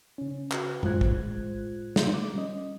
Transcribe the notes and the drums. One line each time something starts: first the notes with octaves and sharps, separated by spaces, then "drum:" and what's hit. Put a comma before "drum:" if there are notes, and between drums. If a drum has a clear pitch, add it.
C#3 C#4
F#4 B4 G5, drum: clap
A2 G#3 F4 C5 F#6 G#6, drum: tom F#2
drum: kick
drum: snare
D6
G3 C#4 D#5